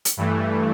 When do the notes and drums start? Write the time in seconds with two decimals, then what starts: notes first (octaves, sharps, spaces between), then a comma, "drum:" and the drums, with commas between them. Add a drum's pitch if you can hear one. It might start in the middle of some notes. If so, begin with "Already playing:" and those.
0.05 drum: hi-hat
0.17 G2 E3 A3